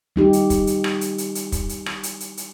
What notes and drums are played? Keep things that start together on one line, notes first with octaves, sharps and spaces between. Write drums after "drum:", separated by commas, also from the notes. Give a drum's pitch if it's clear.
G3 D#4 G4
drum: hi-hat
drum: kick, hi-hat
drum: hi-hat
drum: rim click
drum: hi-hat
drum: hi-hat
drum: hi-hat
drum: kick, hi-hat
drum: hi-hat
drum: rim click
drum: hi-hat
drum: hi-hat
drum: hi-hat